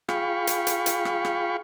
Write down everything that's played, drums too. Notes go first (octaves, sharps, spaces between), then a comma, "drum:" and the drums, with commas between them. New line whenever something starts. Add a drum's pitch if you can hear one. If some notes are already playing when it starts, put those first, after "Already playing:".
F4 G#4 F5 G5 B5 C#6, drum: rim click
drum: hi-hat
drum: hi-hat
drum: hi-hat
drum: rim click
drum: rim click